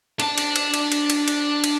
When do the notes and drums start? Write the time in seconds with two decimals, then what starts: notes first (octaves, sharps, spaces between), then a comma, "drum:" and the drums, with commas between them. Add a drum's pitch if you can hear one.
0.20 D4 A5, drum: cymbal
0.38 drum: cymbal
0.56 drum: cymbal
0.74 drum: cymbal
0.92 drum: cymbal
1.10 drum: cymbal
1.28 drum: cymbal
1.64 drum: cymbal